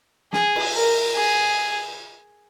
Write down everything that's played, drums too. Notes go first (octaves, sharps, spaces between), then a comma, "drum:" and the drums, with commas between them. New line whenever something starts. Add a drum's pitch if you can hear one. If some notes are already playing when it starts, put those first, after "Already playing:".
G#4, drum: snare
drum: cymbal
A#4
G#4